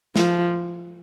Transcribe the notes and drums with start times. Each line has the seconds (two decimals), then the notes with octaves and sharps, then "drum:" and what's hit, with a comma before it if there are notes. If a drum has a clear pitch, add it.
0.16 F3, drum: snare